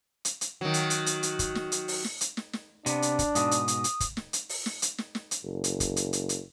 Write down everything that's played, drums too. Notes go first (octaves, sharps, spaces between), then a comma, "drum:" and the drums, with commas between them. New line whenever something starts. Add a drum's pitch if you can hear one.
drum: hi-hat
drum: hi-hat
D#3 F#3
drum: hi-hat
drum: hi-hat
drum: hi-hat
drum: hi-hat
drum: kick, hi-hat
drum: snare
drum: hi-hat
drum: open hi-hat
drum: snare
drum: hi-hat
drum: snare
drum: snare
C3 B3 D4, drum: hi-hat
drum: hi-hat
drum: kick, hi-hat
G#2 B2 D#6, drum: hi-hat
drum: hi-hat
drum: hi-hat
drum: hi-hat
drum: kick, hi-hat
drum: snare
drum: hi-hat
drum: open hi-hat
drum: snare
drum: hi-hat
drum: snare
drum: snare
drum: hi-hat
F#1
drum: hi-hat
drum: kick, hi-hat
drum: hi-hat
drum: hi-hat
drum: hi-hat